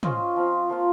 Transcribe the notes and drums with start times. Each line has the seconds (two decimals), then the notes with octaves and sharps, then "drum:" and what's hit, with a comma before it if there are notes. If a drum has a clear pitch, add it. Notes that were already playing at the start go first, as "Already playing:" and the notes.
0.03 C#4 F4 C5 D#5, drum: tom
0.36 F3 C4 F4
0.70 F3 A#3 F4